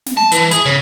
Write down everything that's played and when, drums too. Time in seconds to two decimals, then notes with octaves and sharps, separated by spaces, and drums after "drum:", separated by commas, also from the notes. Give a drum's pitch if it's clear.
0.06 drum: snare
0.17 A5
0.32 E3, drum: hi-hat
0.51 G#4, drum: hi-hat
0.65 C#3